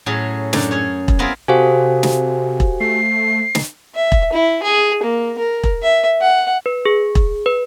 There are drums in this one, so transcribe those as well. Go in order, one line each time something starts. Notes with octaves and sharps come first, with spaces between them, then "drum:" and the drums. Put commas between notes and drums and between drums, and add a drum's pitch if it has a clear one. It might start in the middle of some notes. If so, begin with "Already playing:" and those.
A2 F#3 C#4 G#4 A4
F#2 D4 A4, drum: snare
C#4 G#4 C#5
drum: kick E1
B3 C4 E4 F4 G#4 A#4
C3 F#4 G4 A4 C5 F5 G#5
drum: snare
drum: kick E1
A3 C7
drum: snare
E5
drum: kick E1
E4
G#4
A#3
A#4
drum: kick E1
E5
F#5
B4
G#4
drum: kick E1
B4